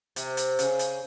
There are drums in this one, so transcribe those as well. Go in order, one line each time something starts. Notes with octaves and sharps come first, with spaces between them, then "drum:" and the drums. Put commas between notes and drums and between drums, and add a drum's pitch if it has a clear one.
C3, drum: hi-hat
drum: hi-hat
C#3, drum: hi-hat
drum: hi-hat